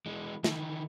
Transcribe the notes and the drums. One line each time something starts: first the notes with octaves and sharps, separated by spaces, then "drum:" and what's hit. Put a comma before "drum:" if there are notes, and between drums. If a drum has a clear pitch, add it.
E3 G#3
D#3 E3, drum: snare